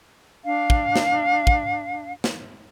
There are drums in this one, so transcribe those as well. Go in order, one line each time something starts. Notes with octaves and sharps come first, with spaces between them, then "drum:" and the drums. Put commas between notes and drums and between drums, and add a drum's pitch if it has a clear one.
D4 F5
drum: kick
drum: snare
drum: kick
drum: snare